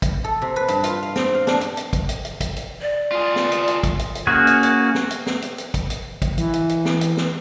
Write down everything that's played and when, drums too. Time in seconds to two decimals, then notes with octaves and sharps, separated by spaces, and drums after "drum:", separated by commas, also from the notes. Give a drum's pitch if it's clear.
0.02 drum: kick, hi-hat
0.24 A4
0.42 C3
0.56 B4
0.68 G2, drum: hi-hat
0.83 F4, drum: hi-hat
1.03 F5
1.16 C4, drum: snare
1.35 F5
1.47 D4, drum: snare
1.61 drum: hi-hat
1.77 drum: hi-hat
1.93 drum: kick, hi-hat
2.09 drum: hi-hat
2.25 drum: hi-hat
2.41 drum: kick, hi-hat
2.56 drum: hi-hat
2.81 D5
3.12 F4 G#4
3.36 drum: snare
3.52 drum: hi-hat
3.68 drum: hi-hat
3.83 drum: kick, hi-hat
3.99 drum: hi-hat
4.15 drum: hi-hat
4.27 A#3 C#4 F#4 G#4
4.47 drum: hi-hat
4.63 drum: hi-hat
4.95 drum: snare
5.11 drum: hi-hat
5.26 drum: snare
5.42 drum: hi-hat
5.58 drum: hi-hat
5.74 drum: kick, hi-hat
5.90 drum: hi-hat
6.22 drum: kick, hi-hat
6.38 E3, drum: hi-hat
6.53 drum: hi-hat
6.69 drum: hi-hat
6.85 drum: snare
7.01 drum: hi-hat
7.17 drum: snare